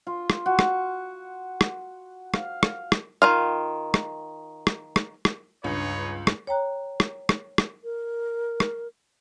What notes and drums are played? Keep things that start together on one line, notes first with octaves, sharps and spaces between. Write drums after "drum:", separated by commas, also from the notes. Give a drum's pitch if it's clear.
F4
drum: rim click
F#4
drum: rim click
drum: rim click
F5, drum: rim click
drum: rim click
drum: rim click
D#3 F4 F5
drum: rim click
drum: rim click
drum: rim click
drum: rim click
C#2 G2 D#4 B4 C#5
drum: rim click
C#5 G5 A#5 F#6
drum: rim click
drum: rim click
drum: rim click
A#4
drum: rim click